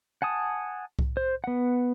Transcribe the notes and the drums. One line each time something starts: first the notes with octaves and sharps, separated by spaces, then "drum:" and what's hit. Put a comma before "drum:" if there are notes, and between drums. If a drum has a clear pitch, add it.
F#5 G#5 A5 D#6
drum: kick C2
C5
B3 F#5